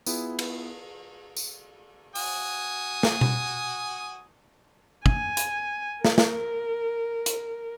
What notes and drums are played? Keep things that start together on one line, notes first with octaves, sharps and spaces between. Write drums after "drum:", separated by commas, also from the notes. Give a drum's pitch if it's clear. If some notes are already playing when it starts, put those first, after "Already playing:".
B3 E4 F4 G#4, drum: tambourine
drum: cymbal
drum: tambourine
F#4 G#5 D#6, drum: open hi-hat
drum: snare
drum: tom B2
G#5, drum: kick
drum: hi-hat
A#4, drum: snare
drum: snare
drum: hi-hat